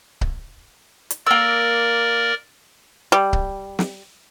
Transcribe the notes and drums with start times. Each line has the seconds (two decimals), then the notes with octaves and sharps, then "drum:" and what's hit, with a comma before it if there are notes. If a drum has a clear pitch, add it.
0.21 drum: kick C#1
1.11 drum: hi-hat
1.27 A#3 A#4 D5 E6
3.12 G3
3.33 drum: kick C#1
3.79 drum: snare